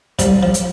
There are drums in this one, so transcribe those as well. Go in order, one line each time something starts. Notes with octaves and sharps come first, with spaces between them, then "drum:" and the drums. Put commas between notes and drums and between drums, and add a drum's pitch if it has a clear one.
C2 C3 G3, drum: kick, hi-hat
F3
drum: hi-hat